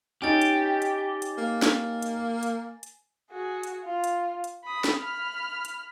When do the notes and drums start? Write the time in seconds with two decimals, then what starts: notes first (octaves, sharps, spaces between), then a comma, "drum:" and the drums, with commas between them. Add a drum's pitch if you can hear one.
0.22 C#4 D#4 G4 G#5 A6
0.42 drum: hi-hat
0.82 drum: hi-hat
1.22 drum: hi-hat
1.38 A#3
1.62 drum: snare
2.02 drum: hi-hat
2.43 drum: hi-hat
2.83 drum: hi-hat
3.31 F#4 G#4
3.63 drum: hi-hat
3.84 F4
4.04 drum: hi-hat
4.44 drum: hi-hat
4.64 B5 D#6
4.84 drum: snare
4.99 B5 F6
5.65 drum: hi-hat